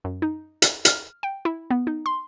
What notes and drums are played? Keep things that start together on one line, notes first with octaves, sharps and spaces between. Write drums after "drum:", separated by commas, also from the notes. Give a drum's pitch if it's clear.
F#2
D#4
drum: hi-hat
F6, drum: hi-hat
G5
E4
B3
D#4
C6